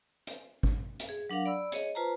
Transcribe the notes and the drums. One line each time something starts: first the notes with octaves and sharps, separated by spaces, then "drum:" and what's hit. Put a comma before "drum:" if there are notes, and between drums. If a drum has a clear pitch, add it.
drum: hi-hat
drum: kick G#1
drum: hi-hat
G#4
F#3 D4 A#4 F5 F#5
D5 B5 E6
G#4 C#5 D#5, drum: hi-hat
F4 B4 C5 A5 A#5